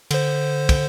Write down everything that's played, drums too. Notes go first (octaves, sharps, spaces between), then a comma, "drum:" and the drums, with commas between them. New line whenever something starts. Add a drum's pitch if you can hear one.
D3 C5, drum: cymbal
drum: kick, cymbal